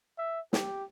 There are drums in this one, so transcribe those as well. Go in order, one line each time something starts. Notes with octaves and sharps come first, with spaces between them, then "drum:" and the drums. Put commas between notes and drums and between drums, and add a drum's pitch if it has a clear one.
E5
G4, drum: snare